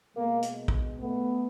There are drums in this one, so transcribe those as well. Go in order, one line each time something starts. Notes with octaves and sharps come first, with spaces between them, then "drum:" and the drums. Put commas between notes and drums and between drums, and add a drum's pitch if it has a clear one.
B2 G#3 A#3
drum: hi-hat
drum: kick
A3 B3